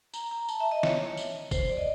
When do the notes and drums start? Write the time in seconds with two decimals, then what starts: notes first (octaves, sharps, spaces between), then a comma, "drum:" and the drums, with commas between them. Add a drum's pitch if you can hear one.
0.14 A#5, drum: tambourine
0.31 A#5
0.49 A5, drum: tambourine
0.60 E5
0.72 D#5
0.83 C#5, drum: snare
1.17 drum: tambourine
1.51 C5, drum: kick, tambourine
1.70 D5
1.77 D#5